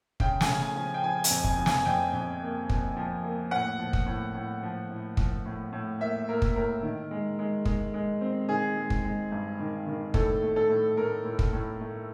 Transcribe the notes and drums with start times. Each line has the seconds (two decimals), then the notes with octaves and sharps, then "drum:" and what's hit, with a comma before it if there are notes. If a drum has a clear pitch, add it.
0.20 C#3 G5, drum: kick
0.41 G#5, drum: snare
0.47 C#3
0.62 G#5
0.76 F3
0.94 G5
1.04 F3 G#5
1.24 G#5, drum: hi-hat
1.30 F2
1.44 G#5, drum: kick
1.59 F3
1.66 G#5, drum: snare
1.86 F2 G5
2.13 F2
2.42 A#3
2.70 F3, drum: kick
2.96 F3
3.24 A#3
3.51 A2 F#5
3.79 F3
3.93 drum: kick
4.06 A2
4.35 A2
4.63 F3
4.89 A2
5.17 F3, drum: kick
5.46 A2
5.72 A2
6.00 A#3 E5
6.29 A#3 A#4
6.42 drum: kick
6.56 A2 A#4
6.83 D#3
7.11 G#3
7.39 G#3
7.65 G#3, drum: kick
7.94 G#3
8.21 C4
8.49 D#3 G#4
8.77 G#3
8.90 drum: kick
9.05 G#3
9.32 G2
9.60 D#3
9.87 D#3
10.14 A2 A4, drum: kick
10.42 A3
10.56 A4
10.69 A2
10.97 A2 A#4
11.25 A2
11.39 drum: kick
11.53 A2
11.81 A3